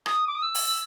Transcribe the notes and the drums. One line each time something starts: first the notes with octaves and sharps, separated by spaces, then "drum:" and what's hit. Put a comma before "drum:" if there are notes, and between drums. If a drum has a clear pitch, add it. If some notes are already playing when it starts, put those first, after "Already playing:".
D#6, drum: rim click
D6
D#6
E6
drum: open hi-hat